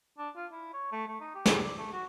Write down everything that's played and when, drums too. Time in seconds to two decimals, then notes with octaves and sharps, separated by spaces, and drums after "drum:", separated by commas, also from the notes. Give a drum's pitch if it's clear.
0.18 D4
0.36 F4
0.52 E4
0.73 C#5
0.92 A3
1.07 A3
1.20 D#4
1.35 G4
1.46 drum: snare
1.63 D5
1.78 A3
1.92 F#4